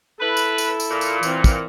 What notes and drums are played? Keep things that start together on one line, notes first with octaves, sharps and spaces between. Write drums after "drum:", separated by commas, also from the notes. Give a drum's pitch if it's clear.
E4 A4 B4
drum: tambourine
drum: tambourine
drum: tambourine
A#2
drum: tambourine
E3 C4, drum: tambourine
drum: kick, tambourine